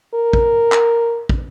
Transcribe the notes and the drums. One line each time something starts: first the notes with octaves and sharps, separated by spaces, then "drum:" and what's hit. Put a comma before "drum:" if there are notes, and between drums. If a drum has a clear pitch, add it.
A#4
drum: kick
drum: clap
drum: kick